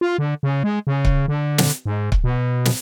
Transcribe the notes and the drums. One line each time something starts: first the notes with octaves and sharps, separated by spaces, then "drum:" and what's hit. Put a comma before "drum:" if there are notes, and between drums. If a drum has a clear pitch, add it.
F4
D3
C#3
G#3
C#3
drum: kick C#1
D3
drum: snare
G#2
drum: kick C#1
B2
drum: snare